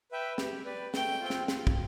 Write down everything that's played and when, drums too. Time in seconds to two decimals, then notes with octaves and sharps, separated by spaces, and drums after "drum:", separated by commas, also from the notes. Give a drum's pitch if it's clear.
0.12 B4 E5 G5
0.38 G4, drum: snare
0.66 B4 D5
0.94 A3 G5, drum: snare
1.21 C4 F4
1.30 drum: snare
1.48 F4, drum: snare
1.67 drum: kick